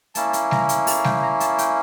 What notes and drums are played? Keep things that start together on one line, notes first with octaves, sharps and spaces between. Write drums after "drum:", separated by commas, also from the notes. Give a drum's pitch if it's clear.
A#3 C#4 E4 A5, drum: hi-hat
drum: hi-hat
A#5, drum: snare G3
drum: hi-hat
A5, drum: open hi-hat
G5, drum: snare G3
A#5
A5, drum: hi-hat
G5, drum: hi-hat